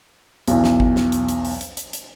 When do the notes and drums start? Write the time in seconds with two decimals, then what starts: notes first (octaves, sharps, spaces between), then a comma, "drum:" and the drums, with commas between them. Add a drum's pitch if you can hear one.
0.48 B1 E2, drum: hi-hat
0.64 drum: snare
0.80 drum: kick G#1
0.96 drum: snare
1.12 drum: hi-hat
1.28 drum: hi-hat
1.45 drum: open hi-hat
1.61 drum: hi-hat
1.77 drum: hi-hat
1.93 drum: hi-hat